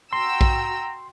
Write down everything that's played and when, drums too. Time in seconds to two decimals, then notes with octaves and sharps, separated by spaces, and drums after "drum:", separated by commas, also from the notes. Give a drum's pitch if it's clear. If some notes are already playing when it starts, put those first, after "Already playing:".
0.13 F#4 G5 A#5 C6 E6
0.41 drum: kick A#1